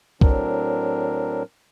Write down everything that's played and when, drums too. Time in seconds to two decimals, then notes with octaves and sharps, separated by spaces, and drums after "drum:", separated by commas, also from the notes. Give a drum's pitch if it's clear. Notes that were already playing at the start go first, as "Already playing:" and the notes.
0.21 A2 F#3 C4 D4 A#4, drum: kick